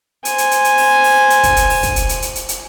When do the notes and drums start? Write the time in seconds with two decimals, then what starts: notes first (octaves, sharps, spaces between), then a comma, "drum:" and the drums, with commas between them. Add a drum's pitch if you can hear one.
0.25 C5 G#5, drum: hi-hat
0.38 drum: hi-hat
0.51 drum: hi-hat
0.64 drum: hi-hat
0.78 drum: open hi-hat
1.04 drum: open hi-hat
1.30 drum: hi-hat
1.43 drum: kick, hi-hat
1.56 drum: hi-hat
1.70 drum: open hi-hat
1.83 drum: kick, hi-hat
1.96 drum: hi-hat
2.09 drum: hi-hat
2.22 drum: hi-hat
2.35 drum: hi-hat
2.49 drum: hi-hat